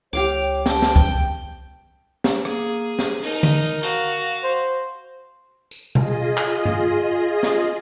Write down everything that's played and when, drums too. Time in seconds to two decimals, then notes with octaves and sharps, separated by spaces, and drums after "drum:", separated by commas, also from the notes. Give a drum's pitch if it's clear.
0.13 C#2 G4 C#5 F5 D6
0.66 G5 A5, drum: snare
0.82 drum: snare
0.96 drum: kick
2.24 drum: snare
2.45 A#3 G#4, drum: rim click
2.99 drum: snare
3.24 D#4 A#4, drum: open hi-hat
3.43 drum: tom D3
3.83 F#4 F5, drum: hi-hat
4.44 C5
5.71 drum: tambourine
5.95 F4 G#4 D#5, drum: tom B2
6.37 drum: clap
6.65 drum: tom G2
7.43 drum: snare